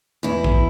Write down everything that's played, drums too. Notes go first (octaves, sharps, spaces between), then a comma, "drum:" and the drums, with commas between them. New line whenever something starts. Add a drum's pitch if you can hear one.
E2 E4
drum: kick A#1